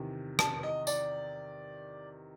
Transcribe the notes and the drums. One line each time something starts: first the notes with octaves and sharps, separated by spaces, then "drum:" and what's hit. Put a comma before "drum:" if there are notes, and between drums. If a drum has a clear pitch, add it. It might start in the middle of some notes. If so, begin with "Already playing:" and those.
Already playing: E2 C3 D#3
A5, drum: rim click
D#5
D5, drum: tambourine